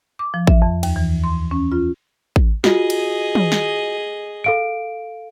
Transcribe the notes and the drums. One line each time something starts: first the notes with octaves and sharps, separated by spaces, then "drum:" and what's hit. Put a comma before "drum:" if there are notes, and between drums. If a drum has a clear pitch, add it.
D6
F3
E5, drum: kick A1
F2
D#2, drum: cymbal
E3
C6
C#4
F4
drum: kick A1
F4 F#4 G#4 D#5, drum: snare
drum: cymbal
drum: tom
drum: snare
A4 F5 D7